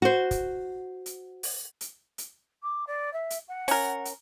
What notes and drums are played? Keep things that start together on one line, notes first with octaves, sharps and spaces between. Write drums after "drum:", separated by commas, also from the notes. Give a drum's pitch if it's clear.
F#4 C5
drum: kick, hi-hat
drum: hi-hat
drum: open hi-hat
drum: hi-hat
drum: hi-hat
D6
D5
E5
drum: hi-hat
F#5
C#4 A#4, drum: open hi-hat
drum: hi-hat